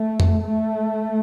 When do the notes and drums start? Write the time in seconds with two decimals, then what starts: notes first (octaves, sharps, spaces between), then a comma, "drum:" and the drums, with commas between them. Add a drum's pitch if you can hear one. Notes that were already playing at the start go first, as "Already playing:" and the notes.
Already playing: A3
0.20 drum: tom F2
0.42 A3